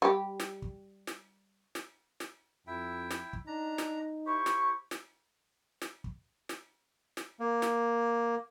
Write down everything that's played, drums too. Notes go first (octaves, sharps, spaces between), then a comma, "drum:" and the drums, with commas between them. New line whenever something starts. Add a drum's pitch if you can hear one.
G3 G4
drum: snare
drum: kick
drum: snare
drum: snare
drum: snare
F2 E4 E5 G5
drum: snare
drum: kick
D4 D#4 A#5
drum: snare
E4 G4 C5 C#6
drum: snare
drum: snare
drum: snare
drum: kick
drum: snare
drum: snare
A#3
drum: snare